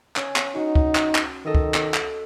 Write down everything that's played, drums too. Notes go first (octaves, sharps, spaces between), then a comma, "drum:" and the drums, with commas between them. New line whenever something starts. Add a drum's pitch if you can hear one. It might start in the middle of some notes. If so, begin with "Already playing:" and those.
C#4 C#5, drum: clap
drum: clap
D#4 F#4
drum: kick
drum: clap
drum: clap
D#3 A4 D#5 E6
drum: kick
drum: clap
drum: clap